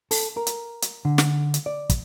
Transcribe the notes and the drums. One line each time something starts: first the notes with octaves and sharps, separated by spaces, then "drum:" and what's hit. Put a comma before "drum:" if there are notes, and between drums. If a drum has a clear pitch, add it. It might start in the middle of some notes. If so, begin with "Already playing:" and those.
A4, drum: open hi-hat
A#4
drum: hi-hat
drum: hi-hat
D3
drum: snare
drum: hi-hat
D5
drum: kick, hi-hat